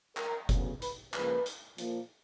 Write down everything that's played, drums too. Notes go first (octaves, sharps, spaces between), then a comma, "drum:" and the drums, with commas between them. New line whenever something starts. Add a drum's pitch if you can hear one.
A#4, drum: clap
D2 C#3 F#3 B3, drum: kick F#1, hi-hat
B4, drum: hi-hat
C#2 C#3 F3 A#3 B4, drum: clap
drum: hi-hat
A#2 F3 A#3, drum: hi-hat